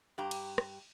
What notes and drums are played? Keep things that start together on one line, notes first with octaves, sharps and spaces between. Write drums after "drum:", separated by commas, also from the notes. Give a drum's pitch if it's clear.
G2 G4 A#5
drum: cymbal
drum: rim click